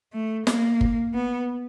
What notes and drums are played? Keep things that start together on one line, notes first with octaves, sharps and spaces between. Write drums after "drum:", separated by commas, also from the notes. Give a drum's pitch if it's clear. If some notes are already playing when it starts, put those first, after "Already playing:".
A3
A#3, drum: snare
drum: kick G1
B3